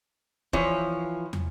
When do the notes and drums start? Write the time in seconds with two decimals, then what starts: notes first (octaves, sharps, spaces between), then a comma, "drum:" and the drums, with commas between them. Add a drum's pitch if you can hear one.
0.53 E3 F3 C#5, drum: kick
1.33 drum: tom